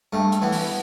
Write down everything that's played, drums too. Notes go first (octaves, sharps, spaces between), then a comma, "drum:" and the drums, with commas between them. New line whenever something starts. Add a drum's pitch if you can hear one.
G2 A3
drum: hi-hat
E3 B3
drum: open hi-hat